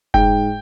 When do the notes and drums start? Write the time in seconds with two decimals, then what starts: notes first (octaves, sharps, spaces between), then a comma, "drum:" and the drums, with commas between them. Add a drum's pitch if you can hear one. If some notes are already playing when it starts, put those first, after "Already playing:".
0.14 G#2 G5, drum: kick F1